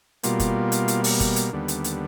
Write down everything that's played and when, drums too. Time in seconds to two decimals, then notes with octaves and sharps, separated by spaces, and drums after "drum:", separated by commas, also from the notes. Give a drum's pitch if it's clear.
0.23 B2 G3 A#3 F4, drum: hi-hat
0.40 drum: kick, hi-hat
0.72 drum: hi-hat
0.88 drum: hi-hat
1.04 drum: open hi-hat
1.20 drum: kick, hi-hat
1.36 drum: hi-hat
1.53 D#2 D3 G3 B3
1.68 drum: hi-hat
1.84 drum: hi-hat